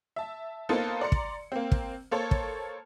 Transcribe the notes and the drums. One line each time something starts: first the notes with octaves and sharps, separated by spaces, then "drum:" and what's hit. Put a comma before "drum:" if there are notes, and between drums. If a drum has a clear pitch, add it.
E5 A5
A#3 B3 D#4 F4 A4 C5
D5 A#5 C6 C#7
drum: kick
A#3 C4
drum: kick
A#3 A4 C5 C#5
drum: kick